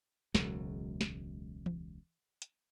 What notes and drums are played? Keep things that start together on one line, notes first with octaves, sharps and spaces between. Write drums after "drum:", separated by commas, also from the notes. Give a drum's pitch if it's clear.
E1 C#2 F#3, drum: snare
drum: snare
drum: tom E3
drum: hi-hat